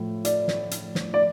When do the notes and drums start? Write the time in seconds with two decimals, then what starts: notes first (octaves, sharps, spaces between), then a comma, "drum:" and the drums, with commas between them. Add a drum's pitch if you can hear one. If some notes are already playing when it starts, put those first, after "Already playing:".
Already playing: A2 F3
0.25 D5, drum: hi-hat
0.48 drum: snare
0.71 drum: hi-hat
0.95 drum: snare
1.14 D5